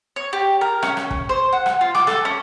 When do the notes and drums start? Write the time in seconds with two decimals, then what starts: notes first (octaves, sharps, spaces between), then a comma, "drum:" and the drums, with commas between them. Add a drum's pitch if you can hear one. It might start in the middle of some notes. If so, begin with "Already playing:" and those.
0.16 C#5
0.33 G4
0.61 A#4
0.83 C#4, drum: rim click
0.97 drum: rim click
1.11 drum: kick
1.29 C5
1.52 F#5
1.66 drum: rim click
1.81 F4
1.95 D6, drum: rim click
2.07 A4, drum: rim click
2.25 C#4